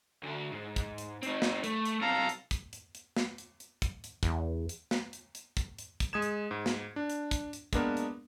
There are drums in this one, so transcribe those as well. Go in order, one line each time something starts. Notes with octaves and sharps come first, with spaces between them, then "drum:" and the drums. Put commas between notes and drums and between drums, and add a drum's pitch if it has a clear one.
D2 D3
G#2
drum: kick, hi-hat
drum: hi-hat
C4 D#4, drum: hi-hat
drum: snare
A3, drum: hi-hat
drum: hi-hat
B1 C3 A4 F5 A#5
drum: hi-hat
drum: kick, hi-hat
drum: hi-hat
drum: hi-hat
drum: snare
drum: hi-hat
drum: hi-hat
drum: kick, hi-hat
drum: hi-hat
E2, drum: kick, hi-hat
drum: hi-hat
drum: snare
drum: hi-hat
drum: hi-hat
drum: kick, hi-hat
drum: hi-hat
drum: kick, hi-hat
G#3 D#6 G#6 E7
drum: hi-hat
G#2
drum: snare
D4
drum: hi-hat
drum: kick, hi-hat
drum: hi-hat
G#3 A#3 B3 D4 A#4, drum: kick, hi-hat
drum: hi-hat